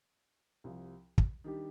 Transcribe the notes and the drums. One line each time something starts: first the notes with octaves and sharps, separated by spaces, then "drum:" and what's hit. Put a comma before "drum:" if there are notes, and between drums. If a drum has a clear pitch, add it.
C2 C3 F3
drum: kick
D#3 G3 D4 G4